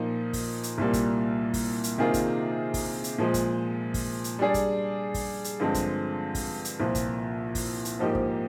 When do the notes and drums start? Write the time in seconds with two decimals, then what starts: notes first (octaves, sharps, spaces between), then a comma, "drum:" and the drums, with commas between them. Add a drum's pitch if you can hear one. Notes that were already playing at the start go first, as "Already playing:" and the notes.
Already playing: A#2 F3 A#3 D#4
0.33 drum: kick, open hi-hat
0.63 drum: hi-hat
0.78 C2 A#2 G3 A#3
0.93 drum: kick, hi-hat
1.54 drum: kick, open hi-hat
1.84 drum: hi-hat
1.98 C3 D#3 A#3 F4 G#4
2.14 drum: kick, hi-hat
2.74 drum: kick, open hi-hat
3.04 drum: hi-hat
3.18 A#2 F3 G#3
3.34 drum: kick, hi-hat
3.94 drum: kick, open hi-hat
4.24 drum: hi-hat
4.39 G3 D4 G#4 D5
4.54 drum: kick, hi-hat
5.14 drum: kick, open hi-hat
5.44 drum: hi-hat
5.60 G2 D3 F3 G#3 C4
5.74 drum: kick, hi-hat
6.35 drum: kick, open hi-hat
6.65 drum: hi-hat
6.80 C2 A#2 F3
6.95 drum: kick, hi-hat
7.55 drum: kick, open hi-hat
7.85 drum: hi-hat
7.99 G#2 F3 A#3 D#4 G4
8.15 drum: kick